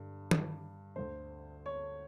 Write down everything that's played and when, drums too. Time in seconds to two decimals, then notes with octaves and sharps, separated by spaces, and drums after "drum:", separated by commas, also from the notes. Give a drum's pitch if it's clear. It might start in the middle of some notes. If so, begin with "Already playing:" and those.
Already playing: G2 D3
0.31 drum: tom D#3
0.96 D2 D3 C5
1.66 C#5